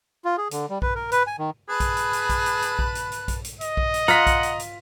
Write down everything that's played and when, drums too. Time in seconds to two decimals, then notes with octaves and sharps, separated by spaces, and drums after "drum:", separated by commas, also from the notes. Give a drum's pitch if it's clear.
0.25 F4
0.38 G#4
0.51 D3, drum: hi-hat
0.70 G3
0.82 B4, drum: kick B1
0.95 A#4
1.12 B4, drum: hi-hat
1.27 G#5
1.39 D#3
1.69 G#4 B4 A5 B5 F#6
1.80 drum: kick B1, hi-hat
1.97 drum: hi-hat
2.13 drum: hi-hat
2.29 drum: kick B1, hi-hat
2.46 drum: hi-hat
2.62 drum: hi-hat
2.79 drum: kick B1
2.95 drum: hi-hat
3.12 drum: hi-hat
3.28 drum: kick B1, hi-hat
3.44 drum: hi-hat
3.61 D#5, drum: hi-hat
3.77 drum: kick B1
3.94 drum: hi-hat
4.08 F4 F#5 A#5 B6, drum: hi-hat
4.27 drum: kick B1, hi-hat
4.43 drum: hi-hat
4.59 drum: hi-hat